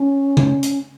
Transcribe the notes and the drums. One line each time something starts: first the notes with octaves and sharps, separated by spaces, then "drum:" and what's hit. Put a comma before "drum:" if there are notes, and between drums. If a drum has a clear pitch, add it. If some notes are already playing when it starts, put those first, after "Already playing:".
Already playing: C#4
drum: tom
drum: hi-hat